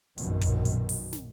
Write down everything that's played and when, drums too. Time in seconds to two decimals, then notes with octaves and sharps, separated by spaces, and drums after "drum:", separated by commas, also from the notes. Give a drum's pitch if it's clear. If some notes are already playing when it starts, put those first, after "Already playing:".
0.18 A#1 F#2 B2 D#3, drum: hi-hat
0.41 drum: kick, hi-hat
0.65 drum: hi-hat
0.89 drum: open hi-hat
1.13 drum: snare